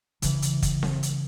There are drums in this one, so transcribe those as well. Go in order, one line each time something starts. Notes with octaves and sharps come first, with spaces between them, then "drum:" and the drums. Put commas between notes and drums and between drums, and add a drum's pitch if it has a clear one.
C#3 E3, drum: hi-hat
drum: hi-hat
drum: kick, hi-hat
drum: snare C4
drum: hi-hat